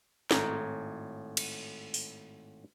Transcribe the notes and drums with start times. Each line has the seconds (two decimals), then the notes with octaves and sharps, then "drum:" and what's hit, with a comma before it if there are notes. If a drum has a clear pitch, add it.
0.31 G#1 A2 A#5, drum: snare
1.37 drum: cymbal
1.94 drum: open hi-hat